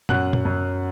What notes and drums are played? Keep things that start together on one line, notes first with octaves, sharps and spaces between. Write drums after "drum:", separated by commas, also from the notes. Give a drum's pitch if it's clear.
F#2 F#5 F#6, drum: tom
drum: tom
F#2